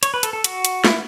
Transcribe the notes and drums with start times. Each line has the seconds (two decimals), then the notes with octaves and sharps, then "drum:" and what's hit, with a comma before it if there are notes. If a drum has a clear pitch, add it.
0.03 C#5, drum: hi-hat
0.14 B4
0.23 A4, drum: hi-hat
0.33 A4
0.44 F#4, drum: hi-hat
0.65 drum: hi-hat
0.85 E4, drum: snare